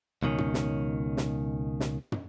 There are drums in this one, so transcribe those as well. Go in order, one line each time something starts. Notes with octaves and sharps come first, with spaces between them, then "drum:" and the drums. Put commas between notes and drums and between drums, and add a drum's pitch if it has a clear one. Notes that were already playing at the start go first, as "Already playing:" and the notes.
C#2 B2 D#3 C#4
drum: tom
drum: snare
drum: snare
drum: snare
drum: tom